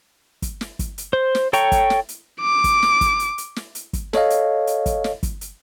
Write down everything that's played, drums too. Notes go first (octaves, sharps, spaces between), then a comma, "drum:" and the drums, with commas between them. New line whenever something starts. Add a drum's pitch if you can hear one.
drum: kick, hi-hat
drum: snare
drum: kick, hi-hat
drum: hi-hat
C5
drum: snare
A4 C#5 G5 A#5 C#6, drum: hi-hat
drum: kick, hi-hat
drum: snare
drum: hi-hat
D6
drum: kick, hi-hat
drum: snare
drum: kick, hi-hat
drum: hi-hat
drum: hi-hat
drum: snare
drum: hi-hat
drum: kick, hi-hat
A4 C#5 D#5 F5, drum: snare
drum: hi-hat
drum: hi-hat
drum: kick, hi-hat
drum: snare
drum: kick, hi-hat
drum: hi-hat